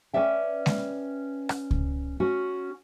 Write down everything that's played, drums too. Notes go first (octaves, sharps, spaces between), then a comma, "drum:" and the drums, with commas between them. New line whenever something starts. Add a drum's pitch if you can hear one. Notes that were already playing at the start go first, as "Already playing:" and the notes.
C#4 B4 D5 E5 G5
drum: snare G#3
drum: rim click
drum: kick C#2
C#4 F#4